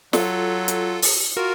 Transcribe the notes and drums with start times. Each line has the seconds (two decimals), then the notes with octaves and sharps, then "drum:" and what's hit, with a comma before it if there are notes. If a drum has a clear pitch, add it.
0.13 F#3 F4 A4, drum: snare
0.68 drum: hi-hat
1.02 drum: open hi-hat
1.37 F4 F#4 A#4